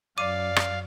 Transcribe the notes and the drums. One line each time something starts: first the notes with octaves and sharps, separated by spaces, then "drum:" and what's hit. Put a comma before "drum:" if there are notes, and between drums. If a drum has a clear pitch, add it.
F#2 D5 F5 D6 D#7
drum: rim click